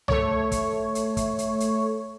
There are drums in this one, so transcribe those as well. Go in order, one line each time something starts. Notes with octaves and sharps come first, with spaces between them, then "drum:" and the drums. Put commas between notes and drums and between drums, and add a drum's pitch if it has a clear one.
A3 C#5, drum: tom C2
drum: kick, hi-hat
drum: hi-hat
drum: kick, hi-hat
drum: hi-hat
drum: hi-hat